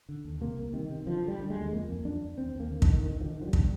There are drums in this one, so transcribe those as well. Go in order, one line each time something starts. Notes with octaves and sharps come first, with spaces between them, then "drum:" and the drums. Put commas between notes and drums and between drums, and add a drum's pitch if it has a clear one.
D3
D#2
C3 A#3
C2
C3 D#3
C3
D3 F3
D3
G3
D3
G#3
D#2
F2 A#3
F2
F2 D4
F2
D#2 C4
D#2
A#3
D3
D#3, drum: kick
D#2
D3 D#3
D3 F3
D#3
D3
F3
G3
D3, drum: kick